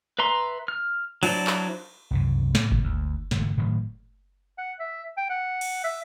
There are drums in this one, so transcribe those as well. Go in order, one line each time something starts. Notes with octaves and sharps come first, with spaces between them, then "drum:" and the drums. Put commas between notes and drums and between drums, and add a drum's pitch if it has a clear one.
B4 E5 A#5 C6
F6
F#3 D4 E4 C5 D5, drum: cymbal
drum: clap
C2 F#2 C#3
A2 C#3 A3, drum: snare
drum: kick G1
D2
E1 G#2 D3 G#3, drum: snare
A2 D#3 F#3
F#5
E5
G5
F#5
drum: cymbal
E5